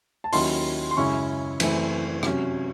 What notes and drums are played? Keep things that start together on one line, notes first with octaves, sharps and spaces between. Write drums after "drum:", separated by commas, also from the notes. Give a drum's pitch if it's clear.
A5
D#2 D#3 F#3 C#4 E4 C6, drum: open hi-hat
C6
F#2 C#3 G#3 C#4 E4 C#6
F#2 E3 A3 C4 E4, drum: cymbal
C3 F#3 C#4, drum: rim click